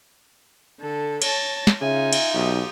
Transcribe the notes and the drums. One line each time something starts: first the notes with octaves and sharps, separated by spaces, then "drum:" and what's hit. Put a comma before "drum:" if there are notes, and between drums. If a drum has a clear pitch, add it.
D3 A4
C#5 A5 A6 A#6, drum: cymbal
drum: snare
C#3 D#4 F4 E5 G#5
drum: cymbal
B1 G4 D#6